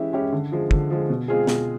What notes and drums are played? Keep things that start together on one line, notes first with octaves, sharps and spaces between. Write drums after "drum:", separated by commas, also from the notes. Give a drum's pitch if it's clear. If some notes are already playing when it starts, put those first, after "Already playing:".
Already playing: E3 G#3 C#4 E4 G4
G#3 C#4 E4 G4
D3
F3 G#3
D3, drum: kick
F3 G#3
B2
G#3 C4 F4 G#4
B2, drum: snare